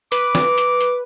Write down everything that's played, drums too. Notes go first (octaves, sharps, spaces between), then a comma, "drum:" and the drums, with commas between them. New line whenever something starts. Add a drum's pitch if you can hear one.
B4 D6, drum: hi-hat
drum: snare
drum: hi-hat
drum: hi-hat